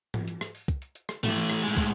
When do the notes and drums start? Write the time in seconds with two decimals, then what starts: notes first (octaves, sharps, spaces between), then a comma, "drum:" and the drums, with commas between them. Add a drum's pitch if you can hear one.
0.14 drum: tom
0.28 drum: hi-hat
0.41 drum: rim click
0.55 drum: open hi-hat
0.68 drum: kick, hi-hat
0.82 drum: hi-hat
0.95 drum: hi-hat
1.09 drum: rim click
1.24 E3 A3, drum: tom
1.36 drum: hi-hat
1.50 drum: rim click
1.63 A2 G#3, drum: open hi-hat
1.77 drum: kick, hi-hat